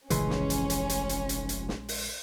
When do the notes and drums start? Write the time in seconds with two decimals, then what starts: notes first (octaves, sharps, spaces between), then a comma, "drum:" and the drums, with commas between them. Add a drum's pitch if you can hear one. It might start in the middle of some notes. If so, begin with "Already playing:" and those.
0.10 F1 A#1 C#3 E3 G#3 C#4 C6, drum: hi-hat
0.30 drum: snare
0.50 drum: hi-hat
0.70 drum: hi-hat
0.90 drum: hi-hat
1.09 drum: hi-hat
1.29 drum: hi-hat
1.49 drum: hi-hat
1.69 drum: snare
1.89 drum: open hi-hat